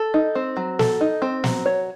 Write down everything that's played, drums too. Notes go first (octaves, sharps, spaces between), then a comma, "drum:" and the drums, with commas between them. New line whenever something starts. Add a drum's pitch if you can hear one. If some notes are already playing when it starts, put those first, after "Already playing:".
Already playing: A4
D#4
C4
F#3
A4, drum: snare
D#4
C4
F#3, drum: snare
C#5